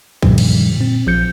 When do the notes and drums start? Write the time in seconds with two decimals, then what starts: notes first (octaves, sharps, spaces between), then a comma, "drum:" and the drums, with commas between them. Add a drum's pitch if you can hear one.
0.23 F#2 A#2 D3 D#3 F3 G3, drum: kick B1
0.38 drum: cymbal
0.76 A#2 C4
1.06 A#1 F3 G6 C#7